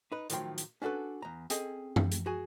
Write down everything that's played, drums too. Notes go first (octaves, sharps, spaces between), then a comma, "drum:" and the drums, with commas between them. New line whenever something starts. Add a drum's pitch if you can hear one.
D#4 B4
A2 D#3 F3 F#3 G5 C6, drum: hi-hat
drum: hi-hat
C#4 D4 F#4 A4 B4
E2 A#5
C4 C#4 G#4 A4 D#5 G#5, drum: hi-hat
drum: tom F#2
drum: hi-hat
F#4 G#4 G#5